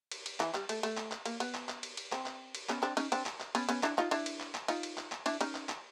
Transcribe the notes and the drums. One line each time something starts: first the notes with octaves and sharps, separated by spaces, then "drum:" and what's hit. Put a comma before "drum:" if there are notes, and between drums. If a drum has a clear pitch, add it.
drum: cymbal
drum: cymbal
E3, drum: clap
G3, drum: clap
A3, drum: cymbal
A3, drum: cymbal
drum: clap
drum: clap
A#3, drum: cymbal
B3, drum: cymbal
drum: clap
drum: clap
drum: cymbal
drum: cymbal
C4, drum: clap
drum: clap
drum: cymbal
B3 C#4, drum: clap
C4 D4, drum: clap
C#4 D#4, drum: cymbal
C4 D4, drum: cymbal
drum: clap
drum: clap
B3 C#4, drum: cymbal
B3 C#4, drum: cymbal
D4 E4, drum: clap
D#4 F4, drum: clap
D4 E4, drum: cymbal
drum: cymbal
drum: clap
drum: clap
D#4 F4, drum: cymbal
drum: cymbal
drum: clap
drum: clap
D4 E4, drum: cymbal
C#4 D#4, drum: cymbal
drum: clap
drum: clap